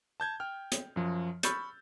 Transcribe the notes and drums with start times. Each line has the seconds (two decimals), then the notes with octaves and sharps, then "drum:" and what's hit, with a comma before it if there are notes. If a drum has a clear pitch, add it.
0.20 A5 G6 G#6
0.40 G5 F6
0.72 drum: hi-hat
0.96 F#2 F3
1.43 B5 C#6 E6 F6 G6 A6, drum: hi-hat